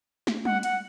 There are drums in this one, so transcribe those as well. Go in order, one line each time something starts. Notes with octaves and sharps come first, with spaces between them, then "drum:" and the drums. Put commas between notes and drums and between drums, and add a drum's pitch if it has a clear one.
drum: snare
F#5, drum: tom G3
F#5, drum: hi-hat